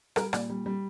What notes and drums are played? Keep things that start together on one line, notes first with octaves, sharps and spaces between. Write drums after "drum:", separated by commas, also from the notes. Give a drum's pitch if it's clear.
G3 A#4, drum: rim click
A#2 D5, drum: rim click
G3
G3